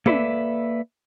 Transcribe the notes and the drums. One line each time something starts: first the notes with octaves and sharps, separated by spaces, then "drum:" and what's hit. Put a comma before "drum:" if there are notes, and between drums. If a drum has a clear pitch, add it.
A#3 A4 B4 D5 E5, drum: tom